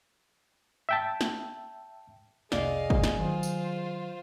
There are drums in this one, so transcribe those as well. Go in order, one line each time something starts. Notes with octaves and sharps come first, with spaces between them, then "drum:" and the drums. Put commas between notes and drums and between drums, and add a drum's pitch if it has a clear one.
E5 G5 A5
drum: snare
F1 C2 G#4 D5 D#5 F5, drum: snare
drum: kick
drum: snare
D#3 F#3 F4 C5
drum: tambourine